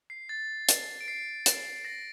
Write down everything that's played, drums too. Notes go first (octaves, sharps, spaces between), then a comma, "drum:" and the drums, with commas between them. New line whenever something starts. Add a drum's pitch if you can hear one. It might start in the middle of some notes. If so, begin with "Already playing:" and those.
C7
A6
drum: hi-hat
D7
C7
drum: hi-hat
A#6